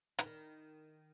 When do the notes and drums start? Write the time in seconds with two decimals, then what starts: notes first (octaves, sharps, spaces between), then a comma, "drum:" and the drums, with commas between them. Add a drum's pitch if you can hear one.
0.19 E3, drum: hi-hat
0.26 D#3